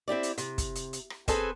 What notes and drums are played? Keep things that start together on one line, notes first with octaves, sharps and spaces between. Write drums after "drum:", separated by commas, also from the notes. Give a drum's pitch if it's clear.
C4 E4 G4 D5
drum: hi-hat
C3, drum: hi-hat
drum: kick, hi-hat
drum: hi-hat
drum: hi-hat
drum: rim click
C4 G#4 A4 B4 C5 G#5, drum: kick, hi-hat